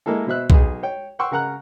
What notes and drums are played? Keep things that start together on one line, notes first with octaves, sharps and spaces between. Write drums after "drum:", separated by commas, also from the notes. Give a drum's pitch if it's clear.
G#3 A#3 E4 A4
B2 C5 E5 F#6
B1 G#4, drum: kick
C#5 G5
F#5 G5 C6 C#6 E6
C#3 A#4 F#5 A#5 F#6